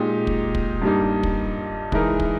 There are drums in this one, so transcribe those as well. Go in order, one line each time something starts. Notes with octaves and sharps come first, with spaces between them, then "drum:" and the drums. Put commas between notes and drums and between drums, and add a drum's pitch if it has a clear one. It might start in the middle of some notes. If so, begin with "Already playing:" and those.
Already playing: A#2 G#3 D#4 G4
drum: kick
drum: kick
G2 G3 A#3 D#4
drum: kick
E3 G#3 D#4 A#4, drum: kick
drum: kick